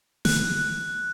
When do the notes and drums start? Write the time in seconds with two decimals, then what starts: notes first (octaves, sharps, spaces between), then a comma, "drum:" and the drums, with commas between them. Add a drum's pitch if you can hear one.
0.25 F#6, drum: snare